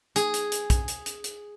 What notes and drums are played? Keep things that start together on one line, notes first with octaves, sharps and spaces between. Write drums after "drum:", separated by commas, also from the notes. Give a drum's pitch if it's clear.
G#4, drum: hi-hat
drum: hi-hat
drum: hi-hat
drum: kick, hi-hat
drum: hi-hat
drum: hi-hat
drum: hi-hat